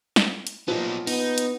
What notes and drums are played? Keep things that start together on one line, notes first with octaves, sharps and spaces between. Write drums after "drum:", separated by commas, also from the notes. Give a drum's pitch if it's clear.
drum: snare
drum: hi-hat
A#2 F3 B3 D#4
B3 D#4, drum: open hi-hat
drum: hi-hat